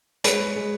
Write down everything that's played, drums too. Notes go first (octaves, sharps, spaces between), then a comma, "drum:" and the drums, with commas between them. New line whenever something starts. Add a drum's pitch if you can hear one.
G#3 B4 C#5, drum: hi-hat
G#3
G#3